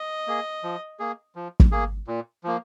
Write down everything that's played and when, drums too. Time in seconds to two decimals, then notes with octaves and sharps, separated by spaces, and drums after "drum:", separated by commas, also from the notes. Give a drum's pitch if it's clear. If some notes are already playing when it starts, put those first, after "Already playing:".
Already playing: D#5
0.27 A#3 G#4
0.63 F3
0.99 A#3 G#4
1.35 F3
1.60 drum: kick
1.72 A#3 G#4
2.07 A#2
2.44 F3 A#3